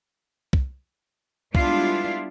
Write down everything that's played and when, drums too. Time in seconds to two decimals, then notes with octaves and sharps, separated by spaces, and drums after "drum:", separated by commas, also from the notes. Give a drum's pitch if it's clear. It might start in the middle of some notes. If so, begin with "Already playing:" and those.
0.53 drum: kick
1.55 G3 G#3 B3 D4 E4 F4, drum: kick